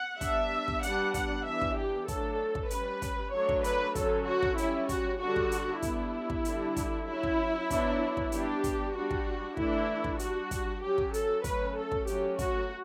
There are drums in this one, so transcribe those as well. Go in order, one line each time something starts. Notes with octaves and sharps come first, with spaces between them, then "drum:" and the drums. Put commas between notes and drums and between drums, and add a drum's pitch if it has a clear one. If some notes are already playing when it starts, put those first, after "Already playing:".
Already playing: F#5
G3 B3 D4 E5, drum: kick, hi-hat
drum: kick
G3 B3 D4 F#5, drum: hi-hat
F#5, drum: kick, hi-hat
E3 B3 D4 E5
drum: kick
G4
F#3 A3 D4 A4, drum: kick, hi-hat
drum: kick
G3 C#4 B4, drum: hi-hat
drum: kick, hi-hat
F#3 A3 D4 C#5
drum: kick
B4, drum: hi-hat
D3 F#3 C#4 A4, drum: kick, hi-hat
F#4
drum: kick
G3 C#4 E4, drum: hi-hat
F#4, drum: kick, hi-hat
D3 G3 D4 F#4
drum: kick
drum: hi-hat
G3 B3 D4 E4, drum: kick, hi-hat
drum: kick
D3 G3 D4, drum: hi-hat
drum: kick, hi-hat
F#3 C#4 E4
drum: kick
F#3 B3 D4, drum: kick, hi-hat
drum: kick
G3 B3 D4 G4, drum: hi-hat
drum: kick, hi-hat
G3 D4 F#4
drum: kick
E3 A3 D4 E4, drum: kick
drum: kick
G3 D4 F#4, drum: hi-hat
drum: kick, hi-hat
F#3 C#4 G4
drum: kick
A4, drum: hi-hat
F#3 A3 C#4 B4, drum: kick, hi-hat
A4
drum: kick
F#3 A3 C#4 G4, drum: hi-hat
F#4, drum: kick, hi-hat